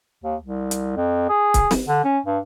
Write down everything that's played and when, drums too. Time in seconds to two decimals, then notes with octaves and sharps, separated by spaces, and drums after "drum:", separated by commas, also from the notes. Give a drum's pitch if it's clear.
0.24 D#2
0.42 C2
0.71 drum: hi-hat
0.97 F2
1.29 G#4
1.54 drum: kick C#1, hi-hat
1.71 drum: snare
1.87 D3
2.04 C#4
2.26 G2